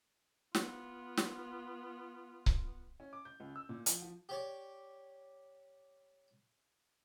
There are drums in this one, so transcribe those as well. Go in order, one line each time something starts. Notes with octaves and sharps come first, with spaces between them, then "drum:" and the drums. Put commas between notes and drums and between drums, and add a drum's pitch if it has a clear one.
B3 F4, drum: snare
drum: snare
drum: kick C#1
C#4
D6
G6
C#2
E6
A#2
F3, drum: hi-hat
F3
G4 C#5 D5